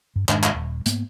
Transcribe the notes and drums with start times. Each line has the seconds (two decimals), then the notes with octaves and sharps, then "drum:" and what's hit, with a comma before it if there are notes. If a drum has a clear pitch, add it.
0.16 G2
0.29 F1 G#2 D#3 D4, drum: clap
0.43 drum: clap
0.54 D#1
0.86 G#2 A#3 B3, drum: hi-hat